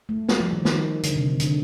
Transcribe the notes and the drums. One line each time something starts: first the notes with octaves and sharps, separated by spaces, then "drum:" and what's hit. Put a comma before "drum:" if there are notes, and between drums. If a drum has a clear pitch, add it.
A3
G3, drum: snare
F3
D#3
D#3, drum: snare
D3, drum: hi-hat
C3
D3
D3, drum: hi-hat